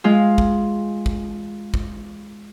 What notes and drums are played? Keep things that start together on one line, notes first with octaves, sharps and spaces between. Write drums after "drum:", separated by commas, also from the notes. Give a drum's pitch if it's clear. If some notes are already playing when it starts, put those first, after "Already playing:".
G#3 F4
drum: kick
drum: kick
drum: kick